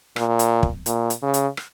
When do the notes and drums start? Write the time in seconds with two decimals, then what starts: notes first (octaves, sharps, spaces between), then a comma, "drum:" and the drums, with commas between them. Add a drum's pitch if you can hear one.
0.16 A#2, drum: rim click
0.39 drum: hi-hat
0.63 drum: kick
0.86 A#2, drum: hi-hat
1.10 drum: hi-hat
1.22 C#3
1.34 drum: hi-hat
1.57 drum: rim click